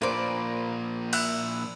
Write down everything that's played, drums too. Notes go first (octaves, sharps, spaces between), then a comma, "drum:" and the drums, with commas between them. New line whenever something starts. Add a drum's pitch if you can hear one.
A#2 F3 A#3 B4 C5 D5 D7
E4 F#6, drum: cymbal